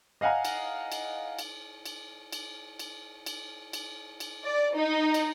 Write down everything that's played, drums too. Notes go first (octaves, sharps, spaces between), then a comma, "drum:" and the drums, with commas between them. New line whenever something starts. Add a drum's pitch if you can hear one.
D#5 F5 F#5 G#5 A#5
drum: cymbal
drum: cymbal
drum: cymbal
drum: cymbal
drum: cymbal
drum: cymbal
drum: cymbal
drum: cymbal
drum: cymbal
D5
D#4
drum: cymbal